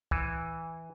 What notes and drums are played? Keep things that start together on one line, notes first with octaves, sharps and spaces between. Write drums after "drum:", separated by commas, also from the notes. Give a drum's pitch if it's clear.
E3, drum: kick